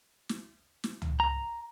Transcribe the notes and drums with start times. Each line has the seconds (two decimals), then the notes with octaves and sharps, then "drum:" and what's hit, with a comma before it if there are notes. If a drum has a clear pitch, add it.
0.29 drum: snare
0.84 drum: snare
1.02 drum: tom C#2
1.20 A#5